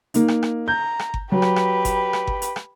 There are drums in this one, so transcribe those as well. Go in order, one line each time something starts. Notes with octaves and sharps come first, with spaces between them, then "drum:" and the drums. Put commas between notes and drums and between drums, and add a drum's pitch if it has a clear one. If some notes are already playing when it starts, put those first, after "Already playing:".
A#3 D#4, drum: hi-hat
drum: rim click
drum: rim click
A#5 G6
drum: rim click
drum: kick G1
F#3 G4 B4
drum: rim click
drum: rim click
drum: kick G1, hi-hat
drum: rim click
drum: kick G1
drum: hi-hat
drum: rim click